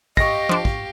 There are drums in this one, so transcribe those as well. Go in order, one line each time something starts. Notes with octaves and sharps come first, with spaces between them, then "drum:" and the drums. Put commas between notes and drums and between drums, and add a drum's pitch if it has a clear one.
G4 D#5 F5 C#6 A#6, drum: kick
F3 D4
drum: kick